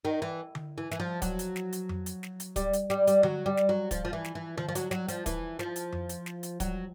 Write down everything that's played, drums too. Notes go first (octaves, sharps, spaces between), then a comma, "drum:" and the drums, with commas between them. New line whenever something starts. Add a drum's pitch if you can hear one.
D#3
E3
drum: tom D3
E3
E3, drum: snare
F3
F#3, drum: kick, hi-hat
drum: hi-hat
drum: snare
drum: hi-hat
drum: tom F2
drum: hi-hat
drum: snare
drum: hi-hat
G3, drum: kick, hi-hat
drum: hi-hat
G3, drum: snare
G3, drum: hi-hat
F#3, drum: tom D3
G3
drum: snare
F#3
F3, drum: kick, hi-hat
F3
E3
drum: snare
E3
F3, drum: tom D3
F3
F#3, drum: hi-hat
F#3, drum: snare
F3, drum: hi-hat
E3, drum: kick, hi-hat
F3, drum: snare
drum: hi-hat
drum: tom F2
drum: hi-hat
drum: snare
drum: hi-hat
F#3, drum: kick, hi-hat